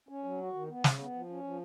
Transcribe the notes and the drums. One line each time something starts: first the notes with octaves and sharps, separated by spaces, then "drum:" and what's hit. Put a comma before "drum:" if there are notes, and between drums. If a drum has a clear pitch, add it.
C#4
F#3
F#4
D#3
B3
C#3, drum: snare
B3
F3
C#4
F3